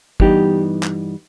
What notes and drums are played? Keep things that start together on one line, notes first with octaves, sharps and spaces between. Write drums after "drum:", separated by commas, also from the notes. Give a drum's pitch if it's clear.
G2 E3 G3 B3 D#4 G4, drum: kick
drum: clap